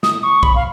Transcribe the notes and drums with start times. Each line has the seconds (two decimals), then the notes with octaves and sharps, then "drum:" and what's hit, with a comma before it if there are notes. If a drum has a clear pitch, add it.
0.03 D#6, drum: snare
0.24 C#6
0.43 B5, drum: kick
0.55 F5